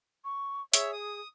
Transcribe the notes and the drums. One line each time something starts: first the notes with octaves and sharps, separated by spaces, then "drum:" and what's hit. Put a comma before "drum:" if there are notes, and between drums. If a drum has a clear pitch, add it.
C#6
G#4 C#5 E5, drum: hi-hat
D#6